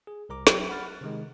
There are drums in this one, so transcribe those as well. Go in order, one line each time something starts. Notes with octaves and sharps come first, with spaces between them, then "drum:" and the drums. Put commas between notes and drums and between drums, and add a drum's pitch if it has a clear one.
G#4
C2 A#4 A#5 D6
F#3 E5 G5, drum: snare
F#5 B5 F6 A6
F#6
C3 D#3 G#3